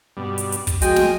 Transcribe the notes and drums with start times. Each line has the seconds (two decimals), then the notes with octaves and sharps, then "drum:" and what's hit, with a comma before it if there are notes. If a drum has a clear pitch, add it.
0.17 G2 B2 G3
0.38 drum: hi-hat
0.52 drum: hi-hat
0.67 drum: kick, hi-hat
0.82 F3 G#3 F#4 D#5 G5 G#5, drum: hi-hat
0.96 drum: snare